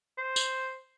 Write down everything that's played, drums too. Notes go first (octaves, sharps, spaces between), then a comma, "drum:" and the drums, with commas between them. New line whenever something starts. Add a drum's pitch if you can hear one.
C5
drum: tambourine